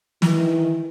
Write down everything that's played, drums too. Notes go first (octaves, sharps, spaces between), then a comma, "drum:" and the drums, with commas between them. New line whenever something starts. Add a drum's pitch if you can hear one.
D#3 E3, drum: snare